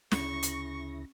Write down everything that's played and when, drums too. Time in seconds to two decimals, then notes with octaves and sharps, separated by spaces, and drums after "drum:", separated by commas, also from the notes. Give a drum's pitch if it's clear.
0.12 D2 C#3 E4 C#6 A#6, drum: snare
0.43 drum: hi-hat